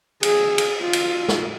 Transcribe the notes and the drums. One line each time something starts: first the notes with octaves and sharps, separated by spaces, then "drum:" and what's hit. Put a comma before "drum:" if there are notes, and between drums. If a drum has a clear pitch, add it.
G#4, drum: cymbal
drum: cymbal
F4
drum: cymbal
drum: snare